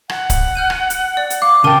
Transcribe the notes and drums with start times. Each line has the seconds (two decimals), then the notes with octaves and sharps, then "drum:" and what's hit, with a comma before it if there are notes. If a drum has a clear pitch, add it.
0.09 F#5, drum: rim click
0.30 drum: kick C#1, hi-hat
0.55 F6 G6 D#7
0.70 drum: rim click
0.90 drum: hi-hat
1.17 D5
1.30 drum: hi-hat
1.42 F5 D6
1.64 C#3 A#4 G5 A5 D#7